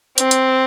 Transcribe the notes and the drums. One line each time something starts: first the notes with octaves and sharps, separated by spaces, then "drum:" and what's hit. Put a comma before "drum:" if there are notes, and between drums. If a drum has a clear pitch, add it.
C4, drum: hi-hat
drum: hi-hat